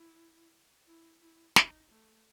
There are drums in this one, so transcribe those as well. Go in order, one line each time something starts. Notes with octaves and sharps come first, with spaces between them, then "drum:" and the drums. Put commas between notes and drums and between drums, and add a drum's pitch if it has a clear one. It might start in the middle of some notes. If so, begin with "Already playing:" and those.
Already playing: E4
E4
E4
D#4, drum: snare
A3